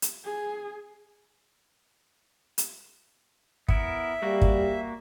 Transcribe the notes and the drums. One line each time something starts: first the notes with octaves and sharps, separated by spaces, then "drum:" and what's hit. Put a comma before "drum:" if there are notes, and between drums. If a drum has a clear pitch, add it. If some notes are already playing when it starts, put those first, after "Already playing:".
drum: hi-hat
G#4
drum: hi-hat
B3 E4 A#4 E5, drum: kick
G3 A#3 F#4
drum: kick